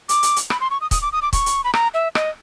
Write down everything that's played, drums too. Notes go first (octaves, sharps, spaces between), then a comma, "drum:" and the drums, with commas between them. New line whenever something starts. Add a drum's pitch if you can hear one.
D6, drum: hi-hat
drum: hi-hat
drum: hi-hat
B5, drum: rim click
C6
C#6
D#6
D#6, drum: kick, hi-hat
D6
D#6
D6
C#6, drum: kick, hi-hat
drum: hi-hat
B5
A#5, drum: rim click
E5
D#5, drum: rim click